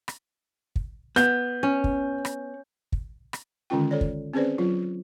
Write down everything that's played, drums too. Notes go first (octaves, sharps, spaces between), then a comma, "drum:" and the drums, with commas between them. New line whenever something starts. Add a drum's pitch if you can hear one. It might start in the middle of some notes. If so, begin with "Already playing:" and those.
drum: rim click
drum: kick
B3 G6, drum: rim click
C#4
drum: kick
drum: rim click
drum: kick
drum: rim click
D3 D#3 G#3 C#4 F4 G5
A4 C#5 D5
drum: kick
C4 C#4 G#4 B4 C5 D5
F#3 F4